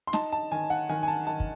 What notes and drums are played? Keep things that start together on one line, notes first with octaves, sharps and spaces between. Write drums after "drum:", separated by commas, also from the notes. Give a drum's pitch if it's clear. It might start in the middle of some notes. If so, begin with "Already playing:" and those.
C6
D#4 A5, drum: snare
A5
D#3 G#5
F#5
D#3 G#5
G#5
A5
D#3 A5
drum: kick